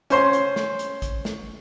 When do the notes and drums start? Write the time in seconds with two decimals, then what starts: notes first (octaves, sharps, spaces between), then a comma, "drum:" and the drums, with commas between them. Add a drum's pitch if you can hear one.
0.10 C#4 C5 C6, drum: hi-hat
0.33 drum: hi-hat
0.56 drum: snare
0.79 drum: hi-hat
1.02 drum: kick, hi-hat
1.25 drum: snare